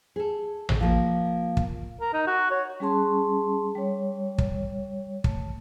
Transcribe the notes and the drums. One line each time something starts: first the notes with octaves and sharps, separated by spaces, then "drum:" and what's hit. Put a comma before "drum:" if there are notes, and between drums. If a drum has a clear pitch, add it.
G#4 A4
drum: tom A1
F3 A#3
drum: kick
A#4
D#4
F#4
C#5
G3 C#4 G#4 A5 C6
G3 C#5
drum: kick
A3, drum: kick